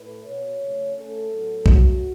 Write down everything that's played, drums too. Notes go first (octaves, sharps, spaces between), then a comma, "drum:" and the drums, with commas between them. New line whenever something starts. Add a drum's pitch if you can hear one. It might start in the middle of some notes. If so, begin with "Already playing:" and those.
Already playing: A2 A3 B4
B2 B3 C#5
F#2 C#3 A3 C#4
C#3 A3 C#4 A4
A2 F#3 B3
C#3 A3 C#4 F#4, drum: kick